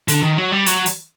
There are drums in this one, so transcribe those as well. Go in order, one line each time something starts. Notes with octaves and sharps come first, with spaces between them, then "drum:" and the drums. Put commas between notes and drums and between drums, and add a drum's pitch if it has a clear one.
D3, drum: hi-hat
D#3
F#3
G3
F#3, drum: hi-hat
drum: hi-hat